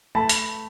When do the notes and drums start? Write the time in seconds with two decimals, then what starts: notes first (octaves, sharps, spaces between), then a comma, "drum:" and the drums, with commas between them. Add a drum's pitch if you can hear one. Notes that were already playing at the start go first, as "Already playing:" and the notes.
0.15 A3 A5 B5
0.29 drum: hi-hat